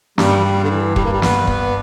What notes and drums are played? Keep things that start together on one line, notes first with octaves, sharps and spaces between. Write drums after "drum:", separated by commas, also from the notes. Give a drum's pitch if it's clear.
G2 G3, drum: snare
G3
D3
E3
G3, drum: kick
A#3
G3
B3, drum: snare
B3, drum: kick